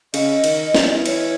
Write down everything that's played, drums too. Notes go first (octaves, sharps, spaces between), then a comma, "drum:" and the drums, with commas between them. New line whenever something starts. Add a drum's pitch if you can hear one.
C#3 D#5, drum: cymbal
D#3, drum: cymbal
E3, drum: snare
C#5, drum: cymbal